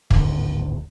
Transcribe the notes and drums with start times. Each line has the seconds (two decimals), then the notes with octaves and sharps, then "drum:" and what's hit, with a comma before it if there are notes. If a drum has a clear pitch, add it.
0.11 D1 G#1 D2, drum: kick